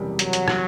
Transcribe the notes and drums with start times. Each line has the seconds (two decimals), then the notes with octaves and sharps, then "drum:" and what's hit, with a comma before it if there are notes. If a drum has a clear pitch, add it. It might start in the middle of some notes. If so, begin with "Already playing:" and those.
Already playing: F#1 E2 C3 G3
0.19 F#3, drum: hi-hat
0.33 drum: hi-hat
0.48 drum: rim click